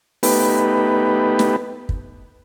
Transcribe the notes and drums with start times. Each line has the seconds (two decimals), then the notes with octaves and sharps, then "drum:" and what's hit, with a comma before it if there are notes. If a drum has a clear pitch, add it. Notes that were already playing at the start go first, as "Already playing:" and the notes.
0.23 A3 B3 D#4 G4 B4, drum: open hi-hat
1.39 drum: snare
1.89 drum: kick